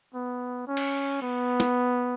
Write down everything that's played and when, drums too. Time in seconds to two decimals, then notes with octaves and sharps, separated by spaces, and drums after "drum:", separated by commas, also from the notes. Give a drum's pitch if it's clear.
0.14 B3
0.68 C#4
0.77 drum: cymbal
1.22 B3
1.60 drum: snare